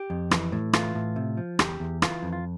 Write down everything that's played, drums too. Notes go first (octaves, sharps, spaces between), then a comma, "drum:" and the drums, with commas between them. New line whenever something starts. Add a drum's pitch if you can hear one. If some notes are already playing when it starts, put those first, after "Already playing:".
Already playing: G4
F2
E3, drum: rim click
A2
E3 F4, drum: rim click
A2
C3
F3
E2 G4, drum: rim click
E2
E3 F4, drum: rim click
F2
F4